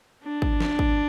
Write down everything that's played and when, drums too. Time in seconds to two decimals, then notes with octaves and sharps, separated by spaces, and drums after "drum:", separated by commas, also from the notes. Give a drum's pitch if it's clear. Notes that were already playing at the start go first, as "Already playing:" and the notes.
0.24 D4
0.42 drum: kick
0.60 drum: snare
0.79 drum: kick